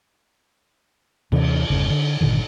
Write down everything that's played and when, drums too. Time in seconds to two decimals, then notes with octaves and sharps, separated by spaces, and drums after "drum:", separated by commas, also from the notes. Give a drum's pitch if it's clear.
1.32 D#2 C3 E3 C#4, drum: cymbal
1.70 G1 E2 C#3
1.90 D3
2.21 G1 A#2 D3 D#3